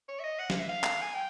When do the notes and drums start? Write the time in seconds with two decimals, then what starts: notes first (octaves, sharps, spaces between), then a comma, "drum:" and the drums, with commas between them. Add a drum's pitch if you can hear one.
0.09 C#5
0.20 E5
0.24 D#5
0.39 F#5
0.50 F5, drum: snare
0.59 E5
0.69 F5
0.84 drum: clap
1.02 G#5
1.14 G5